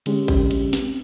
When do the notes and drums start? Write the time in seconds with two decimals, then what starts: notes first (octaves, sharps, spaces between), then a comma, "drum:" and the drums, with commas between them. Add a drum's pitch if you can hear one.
0.06 D3 G#3 C#4 G4, drum: cymbal
0.28 drum: kick A1, cymbal
0.51 drum: cymbal
0.73 drum: snare